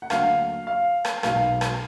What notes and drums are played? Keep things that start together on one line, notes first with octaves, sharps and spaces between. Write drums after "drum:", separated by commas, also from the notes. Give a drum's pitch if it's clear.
F#5
D2 D3 F#3 A#3 F5, drum: rim click
F5
drum: rim click
B1 B2 G#3 F5, drum: rim click
drum: rim click